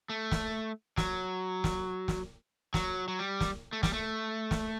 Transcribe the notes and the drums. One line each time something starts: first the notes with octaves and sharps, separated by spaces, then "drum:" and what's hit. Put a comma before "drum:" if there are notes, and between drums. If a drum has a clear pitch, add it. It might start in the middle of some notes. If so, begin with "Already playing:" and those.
A3
drum: snare
F#3, drum: snare
drum: snare
drum: snare
F#3, drum: snare
F#3
G3
drum: snare
A3
G3, drum: snare
A3
drum: snare